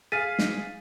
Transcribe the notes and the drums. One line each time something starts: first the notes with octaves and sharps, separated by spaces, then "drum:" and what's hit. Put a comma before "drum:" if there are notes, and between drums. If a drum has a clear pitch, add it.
G#4 F5 A6 B6 D#7
drum: snare